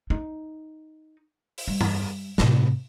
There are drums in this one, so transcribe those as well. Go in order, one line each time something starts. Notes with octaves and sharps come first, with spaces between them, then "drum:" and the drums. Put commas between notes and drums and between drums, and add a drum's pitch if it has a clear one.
D#4
drum: open hi-hat
G3
drum: tom G2
A2 C3, drum: snare